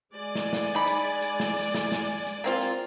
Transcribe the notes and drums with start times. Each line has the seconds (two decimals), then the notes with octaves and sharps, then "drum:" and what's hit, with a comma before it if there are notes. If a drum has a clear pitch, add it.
0.13 G#3 D5 G#5
0.35 drum: snare
0.53 drum: snare
0.75 D#4 B5
0.88 drum: hi-hat
1.22 drum: hi-hat
1.40 drum: snare
1.57 drum: open hi-hat
1.75 drum: snare
1.92 drum: snare
2.27 drum: hi-hat
2.44 A#3 C4 F4
2.61 drum: hi-hat